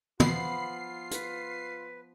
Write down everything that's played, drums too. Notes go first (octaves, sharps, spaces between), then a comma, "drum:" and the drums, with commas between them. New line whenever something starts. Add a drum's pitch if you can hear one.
F3 B3 F4 B5 C7, drum: tom
B4, drum: hi-hat